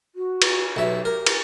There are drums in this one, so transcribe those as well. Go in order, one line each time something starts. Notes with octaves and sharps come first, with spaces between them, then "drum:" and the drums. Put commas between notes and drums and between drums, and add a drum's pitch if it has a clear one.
F#4
drum: cymbal
B1 G4 E5
A#4
drum: cymbal